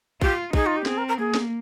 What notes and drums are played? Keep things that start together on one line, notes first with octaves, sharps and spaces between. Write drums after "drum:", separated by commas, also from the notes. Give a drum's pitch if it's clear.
F4 G4, drum: kick
D#4 G#4, drum: kick
F4
G4
C4 G#4, drum: snare
A#4
A#4
A#3 G#4
drum: snare